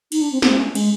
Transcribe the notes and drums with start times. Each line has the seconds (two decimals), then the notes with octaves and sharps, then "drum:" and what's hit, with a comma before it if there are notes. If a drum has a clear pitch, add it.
0.12 D#4, drum: cymbal
0.21 D4
0.32 C4
0.42 C4, drum: snare
0.58 C#4
0.75 G#3, drum: cymbal